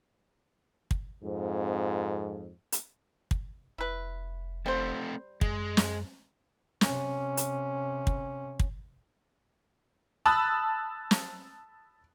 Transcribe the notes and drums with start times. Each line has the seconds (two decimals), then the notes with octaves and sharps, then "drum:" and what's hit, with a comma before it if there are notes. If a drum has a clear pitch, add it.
0.91 drum: kick
1.23 F2 G#2
2.72 drum: hi-hat
3.31 drum: kick
3.78 F1 E4 B4
4.66 G3 A3 C4 C5
5.41 F#2 G#3, drum: kick
5.77 drum: snare
6.81 C3 C#4, drum: snare
7.37 drum: hi-hat
8.07 drum: kick
8.60 drum: kick
10.25 A5 B5 D#6 E6 F#6
11.11 drum: snare